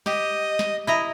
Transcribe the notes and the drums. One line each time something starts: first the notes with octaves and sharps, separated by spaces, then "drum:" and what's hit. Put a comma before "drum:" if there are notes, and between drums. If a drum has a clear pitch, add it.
G4 D#5, drum: snare
drum: snare
E4 D#5 A#5